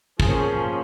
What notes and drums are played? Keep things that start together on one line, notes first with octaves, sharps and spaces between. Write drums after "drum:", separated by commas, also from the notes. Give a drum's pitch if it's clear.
F3 A#3 C#4 G#4, drum: kick